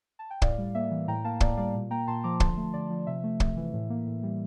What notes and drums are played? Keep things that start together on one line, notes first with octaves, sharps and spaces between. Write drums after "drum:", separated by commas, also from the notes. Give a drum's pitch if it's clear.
A5
G5
A2 D5 F5, drum: kick
G3
A#3 E5
E3
A2 G5 A#5
A#3 F5 A5
A2 D5 F5, drum: kick
G3 D5 F5
A#2
A#3 G5 A#5
A#2 A5 C6
F3 A#5 D6
D3 A5 C6, drum: kick
A3
D3 D5
F3
C3 E5
A3
C3, drum: kick
E3
A2
A#3
A2
G3